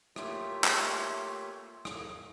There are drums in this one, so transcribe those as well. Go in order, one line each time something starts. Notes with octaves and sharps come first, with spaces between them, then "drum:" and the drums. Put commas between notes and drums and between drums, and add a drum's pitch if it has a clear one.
A3 A#3 F4 G4 C#5 E5, drum: rim click
drum: clap
drum: rim click